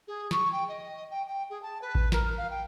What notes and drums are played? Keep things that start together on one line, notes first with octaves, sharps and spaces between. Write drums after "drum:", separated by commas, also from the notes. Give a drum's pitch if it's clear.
G#4
C#6, drum: snare
G5
D#5
G5
G5
G#4
A5
B4
drum: kick A1
A#4, drum: snare
F5
G5